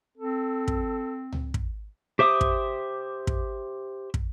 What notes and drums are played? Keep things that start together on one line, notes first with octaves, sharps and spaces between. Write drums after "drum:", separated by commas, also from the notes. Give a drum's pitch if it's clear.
C4 A4
drum: kick
drum: tom C#2
drum: kick
G4 C5 E5 D6 D#6
drum: kick
drum: kick
drum: kick